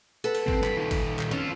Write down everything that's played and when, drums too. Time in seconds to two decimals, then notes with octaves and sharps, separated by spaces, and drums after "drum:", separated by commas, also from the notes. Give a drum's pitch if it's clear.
0.24 A4 B4 F#5
0.35 drum: cymbal
0.48 C4, drum: kick G#1
0.64 G2 B5, drum: clap
0.77 A#2 D#3
0.91 drum: kick G#1, cymbal
1.19 drum: clap
1.31 C#4 F4 A4, drum: tom D#3